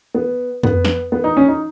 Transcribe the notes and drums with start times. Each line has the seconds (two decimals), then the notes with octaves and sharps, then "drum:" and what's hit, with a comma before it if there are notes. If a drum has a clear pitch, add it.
0.14 B3
0.63 B3, drum: tom F2
0.85 drum: snare
1.12 B3
1.24 D#4
1.37 C#4
1.48 D#4